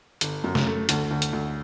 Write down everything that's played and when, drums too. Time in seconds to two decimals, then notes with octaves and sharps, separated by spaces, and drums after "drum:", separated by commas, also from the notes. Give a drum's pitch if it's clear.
0.21 G1, drum: hi-hat
0.44 F#2
0.55 drum: snare
0.66 A3
0.89 D2, drum: hi-hat
1.11 D2
1.22 drum: hi-hat
1.33 D2